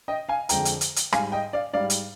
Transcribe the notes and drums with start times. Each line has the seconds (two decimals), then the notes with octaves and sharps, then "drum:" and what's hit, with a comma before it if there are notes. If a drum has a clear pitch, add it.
0.08 D#5 G5
0.29 F5 G#5
0.49 F2 D3 G#3 G5 A#5, drum: hi-hat
0.65 drum: hi-hat
0.81 drum: hi-hat
0.96 drum: hi-hat
1.13 G#2 G3 F5 G#5, drum: rim click
1.32 D#5 G5
1.53 D5 F5
1.74 G#2 G3 D5 F5
1.90 drum: hi-hat